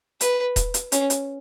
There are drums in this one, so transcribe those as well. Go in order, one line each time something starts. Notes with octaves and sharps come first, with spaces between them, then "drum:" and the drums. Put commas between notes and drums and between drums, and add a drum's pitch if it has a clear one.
B4, drum: hi-hat
drum: kick D#1, hi-hat
drum: hi-hat
C#4, drum: hi-hat
drum: hi-hat